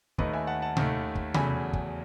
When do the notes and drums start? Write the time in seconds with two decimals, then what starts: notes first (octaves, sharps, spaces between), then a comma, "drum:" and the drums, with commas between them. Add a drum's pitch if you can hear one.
0.18 D#2 D#3 A3 B4 D#5, drum: kick
0.33 E5 G#5
0.47 F#5 A5
0.62 F#5 A5
0.77 D#2 D#3 A3, drum: tom C3
1.15 drum: kick
1.34 E2 C#3 F#3 A3 G#5 B5, drum: tom C3
1.73 drum: kick